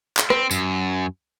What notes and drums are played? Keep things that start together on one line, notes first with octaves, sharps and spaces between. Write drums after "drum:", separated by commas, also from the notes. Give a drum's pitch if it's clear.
drum: clap
C4, drum: rim click
F#2, drum: tambourine